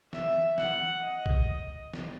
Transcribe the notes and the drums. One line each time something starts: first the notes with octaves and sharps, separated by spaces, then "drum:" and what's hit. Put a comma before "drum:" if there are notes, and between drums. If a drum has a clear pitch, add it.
E5, drum: snare
F#5, drum: snare
D#5
drum: kick A#1
drum: snare